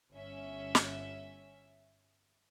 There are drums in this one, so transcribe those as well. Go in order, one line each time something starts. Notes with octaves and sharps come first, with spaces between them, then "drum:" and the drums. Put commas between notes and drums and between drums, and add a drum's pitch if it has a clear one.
G1 C#4 E5
drum: snare